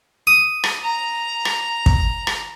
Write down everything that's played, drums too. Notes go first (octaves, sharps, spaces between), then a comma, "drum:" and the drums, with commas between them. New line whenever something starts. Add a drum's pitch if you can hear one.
D#6
drum: rim click
A#5
drum: rim click
drum: kick
drum: rim click